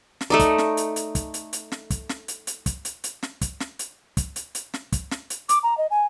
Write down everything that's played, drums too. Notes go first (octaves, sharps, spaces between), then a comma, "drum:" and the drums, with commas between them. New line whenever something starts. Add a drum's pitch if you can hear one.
drum: snare
A3 D#4 D5
drum: kick, hi-hat
drum: snare
drum: hi-hat
drum: hi-hat
drum: kick, hi-hat
drum: hi-hat
drum: hi-hat
drum: snare
drum: kick, hi-hat
drum: snare
drum: hi-hat
drum: hi-hat
drum: kick, hi-hat
drum: hi-hat
drum: hi-hat
drum: snare
drum: kick, hi-hat
drum: snare
drum: hi-hat
drum: kick, hi-hat
drum: hi-hat
drum: hi-hat
drum: snare
drum: kick, hi-hat
drum: snare
drum: hi-hat
D6, drum: hi-hat
A#5
D#5
G#5